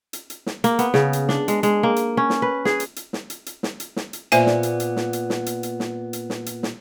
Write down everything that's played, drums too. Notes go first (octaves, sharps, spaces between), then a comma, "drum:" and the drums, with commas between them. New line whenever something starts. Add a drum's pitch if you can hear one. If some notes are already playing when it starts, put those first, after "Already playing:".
drum: hi-hat
drum: hi-hat
drum: snare
A#3, drum: hi-hat
B3, drum: hi-hat
C#3, drum: snare
drum: hi-hat
D4, drum: snare
G#3, drum: hi-hat
G#3, drum: hi-hat
A#3
drum: hi-hat
C#4
drum: snare
B4
G#4, drum: snare
drum: hi-hat
drum: hi-hat
drum: snare
drum: hi-hat
drum: hi-hat
drum: snare
drum: hi-hat
drum: snare
drum: hi-hat
A#2 B3 C5 E5 G#5, drum: hi-hat
drum: snare
drum: hi-hat
drum: hi-hat
drum: snare
drum: hi-hat
drum: snare
drum: hi-hat
drum: hi-hat
drum: snare
drum: hi-hat
drum: snare
drum: hi-hat
drum: snare